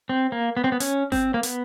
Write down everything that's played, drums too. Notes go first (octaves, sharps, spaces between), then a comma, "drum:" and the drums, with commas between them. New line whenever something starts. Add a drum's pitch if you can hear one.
C4
A#3
B3
C4
B3
C#4, drum: hi-hat
C4, drum: snare G1
A#3
B3, drum: hi-hat